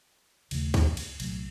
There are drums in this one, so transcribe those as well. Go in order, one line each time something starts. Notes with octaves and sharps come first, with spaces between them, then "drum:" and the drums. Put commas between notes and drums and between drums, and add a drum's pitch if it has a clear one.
D#2 C#3 F3 A3, drum: cymbal
drum: kick, cymbal
drum: cymbal
C2 A#2 F#3 A3, drum: cymbal